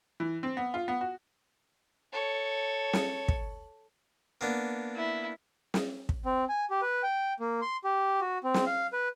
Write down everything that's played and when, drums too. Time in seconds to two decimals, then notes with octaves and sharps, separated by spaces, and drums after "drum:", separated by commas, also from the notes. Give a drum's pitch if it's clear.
0.20 E3
0.43 C4
0.57 B3
0.74 F4
0.88 B3
1.01 F#4
2.12 A4 C#5
2.93 drum: snare
3.28 drum: kick
4.41 A#3 B3 D4
4.95 E4
5.74 drum: snare
6.09 drum: kick
6.25 C4
6.49 G#5
6.70 G4
6.82 B4
7.03 G5
7.40 A#3
7.62 C6
7.84 G4
8.21 F#4
8.44 C4
8.54 drum: snare
8.66 F5
8.93 B4